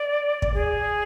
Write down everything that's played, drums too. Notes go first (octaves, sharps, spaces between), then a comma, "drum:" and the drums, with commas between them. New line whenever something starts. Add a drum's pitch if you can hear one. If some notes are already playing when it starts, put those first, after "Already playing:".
Already playing: D5
drum: kick
G#4